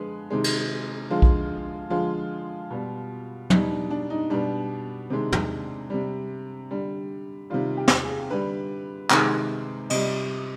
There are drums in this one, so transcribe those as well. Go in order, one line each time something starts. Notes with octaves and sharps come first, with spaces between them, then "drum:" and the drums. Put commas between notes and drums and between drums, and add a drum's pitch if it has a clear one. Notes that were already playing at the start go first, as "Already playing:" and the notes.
Already playing: D3 F3 G#3 G#4 B4
C3 D#3 G#3
drum: cymbal
D3 F3 G#3 F4
drum: kick A#1
D3 F3 G#3 F4
B2 G3
B2 G3 D#4, drum: tom
D4
D4
D#4
B2 G3 D4
C3 D#3 G#3
drum: tom
C3 G3
D3 G3
C3 D#3 G3 F4
G4
drum: snare
G#4
D3 G3 B4
C3 D#3 G#3, drum: clap
C3 G3 D#5, drum: cymbal